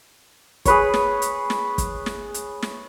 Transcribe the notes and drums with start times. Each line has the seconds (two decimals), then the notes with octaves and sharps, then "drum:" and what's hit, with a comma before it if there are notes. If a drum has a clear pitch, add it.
0.65 G#4 B4 C#5, drum: kick, hi-hat
0.94 drum: snare
1.22 drum: hi-hat
1.50 drum: snare
1.78 drum: kick, hi-hat
2.06 drum: snare
2.34 drum: hi-hat
2.63 drum: snare